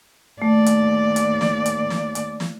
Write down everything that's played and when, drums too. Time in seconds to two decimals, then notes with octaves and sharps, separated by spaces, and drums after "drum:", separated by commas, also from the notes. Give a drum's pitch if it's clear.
0.42 D#2 A3 D5
0.66 drum: hi-hat
1.16 drum: hi-hat
1.41 drum: snare
1.66 drum: hi-hat
1.90 drum: snare
2.15 drum: hi-hat
2.40 drum: snare